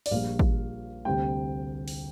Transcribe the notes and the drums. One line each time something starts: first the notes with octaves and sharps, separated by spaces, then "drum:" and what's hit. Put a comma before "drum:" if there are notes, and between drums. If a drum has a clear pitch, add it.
D5, drum: open hi-hat
A#1 A#2 G3 A#3 F5
drum: kick
D2 C3 G3 G5
drum: open hi-hat